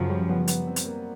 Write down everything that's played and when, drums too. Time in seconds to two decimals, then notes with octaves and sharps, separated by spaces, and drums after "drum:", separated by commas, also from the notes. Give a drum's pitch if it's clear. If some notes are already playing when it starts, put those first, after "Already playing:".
Already playing: F#2 C#3 F3 F#3
0.09 G3
0.29 B3
0.48 B3, drum: hi-hat
0.67 C4
0.76 drum: hi-hat
0.85 A#3